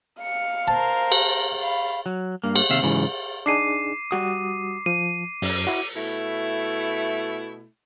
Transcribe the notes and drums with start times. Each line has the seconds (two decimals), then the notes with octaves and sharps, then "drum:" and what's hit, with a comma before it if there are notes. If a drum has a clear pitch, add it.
0.22 F5 C#7
0.68 A#4 C5 A5
1.12 drum: cymbal
1.61 F5 B5
2.06 F#3
2.44 G2 A#3
2.56 drum: cymbal
2.70 D#2 C3 E5 F5
2.83 G#2 C#3 E3 F#3
3.46 D4 D#4 G#4 D6 C7 D#7
4.11 G3 F#4 D#6
4.86 F3 D#7
5.42 F#2, drum: open hi-hat
5.67 E4 F#4
5.95 B2 A3 E4